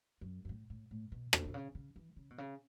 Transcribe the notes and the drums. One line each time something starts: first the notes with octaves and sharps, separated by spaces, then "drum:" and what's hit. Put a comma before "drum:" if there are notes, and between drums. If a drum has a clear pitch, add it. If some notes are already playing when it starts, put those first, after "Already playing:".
F#2
F#2
A2
A2
A2
B2
C#3, drum: rim click
B2
C#3
C#3
E3
C#3
B2
C#3